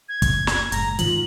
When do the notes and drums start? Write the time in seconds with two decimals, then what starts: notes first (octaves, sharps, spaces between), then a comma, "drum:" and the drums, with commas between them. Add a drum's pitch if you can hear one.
0.09 G#6
0.22 F#1, drum: kick, hi-hat
0.47 drum: snare
0.72 F#1 G#2 A#5, drum: hi-hat
0.99 G#2 D#3 F3 F#7, drum: hi-hat